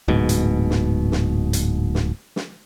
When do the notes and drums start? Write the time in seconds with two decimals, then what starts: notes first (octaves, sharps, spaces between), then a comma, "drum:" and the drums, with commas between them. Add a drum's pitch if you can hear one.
0.08 D1 G#2 B2
0.29 drum: hi-hat
0.70 drum: snare
1.12 drum: snare
1.53 drum: hi-hat
1.95 drum: snare
2.36 drum: snare